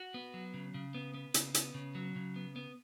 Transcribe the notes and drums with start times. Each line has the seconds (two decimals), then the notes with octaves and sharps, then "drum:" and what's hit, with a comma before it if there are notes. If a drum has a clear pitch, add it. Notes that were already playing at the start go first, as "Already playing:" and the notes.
Already playing: F#4
0.14 B3
0.34 F#3
0.54 C#3
0.74 C#3
0.95 B3
1.14 B3
1.34 C#3, drum: hi-hat
1.54 B3, drum: hi-hat
1.74 C#3
1.95 F#3
2.16 C#3
2.36 B3
2.56 B3